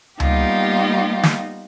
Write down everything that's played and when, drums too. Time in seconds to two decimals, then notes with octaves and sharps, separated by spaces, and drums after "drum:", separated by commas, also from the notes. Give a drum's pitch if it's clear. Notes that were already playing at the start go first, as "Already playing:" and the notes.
0.20 G3 A#3 B3 D#4 F4 G4, drum: tom C#2
1.23 drum: snare